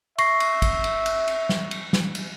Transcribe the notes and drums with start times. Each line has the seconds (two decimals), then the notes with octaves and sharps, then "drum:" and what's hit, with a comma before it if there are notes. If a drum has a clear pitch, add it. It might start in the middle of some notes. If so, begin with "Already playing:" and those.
0.18 E5 C#6 A#6 C7, drum: cymbal
0.40 drum: cymbal
0.62 drum: kick, cymbal
0.84 drum: cymbal
1.06 drum: cymbal
1.28 drum: cymbal
1.49 drum: snare
1.71 drum: cymbal
1.93 drum: snare
2.15 drum: cymbal